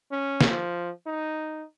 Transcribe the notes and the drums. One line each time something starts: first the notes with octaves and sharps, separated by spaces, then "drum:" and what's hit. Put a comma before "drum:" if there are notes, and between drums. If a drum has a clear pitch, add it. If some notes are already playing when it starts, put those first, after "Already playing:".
C#4
drum: snare
F3
D#4